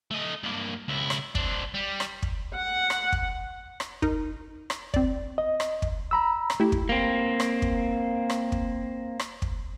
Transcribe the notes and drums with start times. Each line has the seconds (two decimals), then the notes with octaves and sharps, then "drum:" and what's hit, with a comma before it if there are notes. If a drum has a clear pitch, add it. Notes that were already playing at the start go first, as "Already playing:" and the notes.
0.11 A3 D#5
0.43 G2 A#3
0.88 C#2 E4
1.10 drum: rim click
1.35 C4 D4, drum: kick
1.74 G3
2.00 drum: rim click
2.22 drum: kick
2.59 F#5
2.90 drum: rim click
3.12 drum: kick
3.80 drum: rim click
4.02 D#4 A#4, drum: kick
4.70 drum: rim click
4.94 C4 D5, drum: kick
5.38 D#5
5.60 drum: rim click
5.82 drum: kick
6.11 A#5 B5 E6
6.50 drum: rim click
6.60 A3 E4 G4
6.72 drum: kick
6.89 A#3 C4
7.40 drum: rim click
7.62 drum: kick
8.30 drum: rim click
8.52 drum: kick
9.19 drum: rim click
9.42 drum: kick